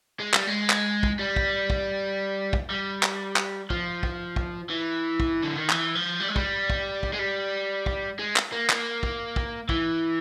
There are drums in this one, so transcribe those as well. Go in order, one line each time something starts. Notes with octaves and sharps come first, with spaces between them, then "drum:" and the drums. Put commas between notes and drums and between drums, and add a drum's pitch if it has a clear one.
G#3
G3, drum: clap
G#3
drum: clap
drum: kick
G3
drum: kick
drum: kick
drum: kick
G3
drum: clap
drum: clap
F3, drum: kick
drum: kick
drum: kick
E3
drum: kick
D3
D#3
E3, drum: clap
F3
G3
G#3
G3, drum: kick
drum: kick
drum: kick
G#3
G3
drum: kick
G#3
drum: clap
A#3
A#3, drum: clap
drum: kick
drum: kick
E3, drum: kick